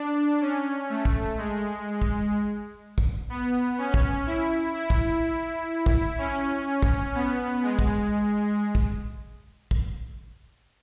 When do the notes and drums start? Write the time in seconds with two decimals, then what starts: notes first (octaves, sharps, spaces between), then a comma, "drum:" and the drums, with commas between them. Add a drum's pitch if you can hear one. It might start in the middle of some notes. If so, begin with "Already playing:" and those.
Already playing: D4
0.41 C#4
0.90 A3
1.05 drum: kick
1.37 G#3
2.02 drum: kick
2.98 drum: kick
3.30 B3
3.78 C#4
3.94 drum: kick
4.26 E4
4.74 E4
4.90 drum: kick
5.86 drum: kick
6.18 C#4
6.83 drum: kick
7.15 B3
7.63 G#3
7.79 drum: kick
8.75 drum: kick
9.71 drum: kick